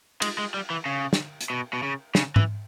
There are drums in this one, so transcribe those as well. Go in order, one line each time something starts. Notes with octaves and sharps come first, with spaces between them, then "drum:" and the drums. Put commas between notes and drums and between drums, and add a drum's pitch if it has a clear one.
G#3, drum: cymbal
G#3
G3
E3
C#3
drum: snare
drum: hi-hat
B2
B2
C#3
C#3, drum: snare
E3, drum: tom G#2